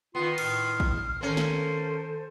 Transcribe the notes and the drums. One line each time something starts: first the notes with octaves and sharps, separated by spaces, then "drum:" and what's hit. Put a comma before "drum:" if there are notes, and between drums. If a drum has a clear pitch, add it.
D#3 B3 F4 C6
A2 F6, drum: cymbal
drum: kick
D#3 A#3 C#4 A4 A#4 C5 C6
drum: snare